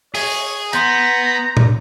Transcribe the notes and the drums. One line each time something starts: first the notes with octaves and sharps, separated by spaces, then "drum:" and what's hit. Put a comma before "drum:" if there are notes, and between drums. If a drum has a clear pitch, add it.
G#4 C#5, drum: open hi-hat
B3 A#5 C6 G6, drum: hi-hat
drum: tom A#2